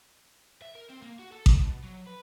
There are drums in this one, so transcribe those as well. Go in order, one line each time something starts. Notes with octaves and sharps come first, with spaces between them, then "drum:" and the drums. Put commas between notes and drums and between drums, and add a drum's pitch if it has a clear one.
E5
A#4
C4
A#3
F#4
A4
E2, drum: kick A1
B2
F#3
B4